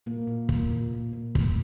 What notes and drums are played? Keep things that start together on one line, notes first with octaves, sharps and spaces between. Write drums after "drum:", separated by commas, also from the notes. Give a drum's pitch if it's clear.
A#2 A#3
A#2
A#2, drum: kick
A#2
A#2
A#2
A3, drum: kick